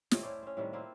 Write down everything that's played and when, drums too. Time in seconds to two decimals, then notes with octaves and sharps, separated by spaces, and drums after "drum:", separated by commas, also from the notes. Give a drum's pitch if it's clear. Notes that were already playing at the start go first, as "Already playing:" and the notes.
0.11 A2 A3 C4 D#5, drum: snare
0.23 C#4 E4 C5 D5
0.42 C4 C#4
0.57 A2 C3 D#3 G3
0.73 A#3 C4 E4 F4